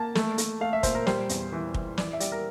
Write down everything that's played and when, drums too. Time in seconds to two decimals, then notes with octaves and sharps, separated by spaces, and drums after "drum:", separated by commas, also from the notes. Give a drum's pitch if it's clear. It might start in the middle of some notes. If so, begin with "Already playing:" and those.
Already playing: A#3 A5
0.15 A3, drum: snare
0.38 A3, drum: hi-hat
0.61 A3 F5
0.73 E5
0.83 A#2 C5, drum: kick, hi-hat
0.95 A#4
1.07 G3 C5, drum: snare
1.29 E2, drum: hi-hat
1.52 E3
1.74 E3, drum: kick
1.98 E3 D5, drum: snare
2.13 E5
2.20 G3 D5, drum: hi-hat
2.32 A#4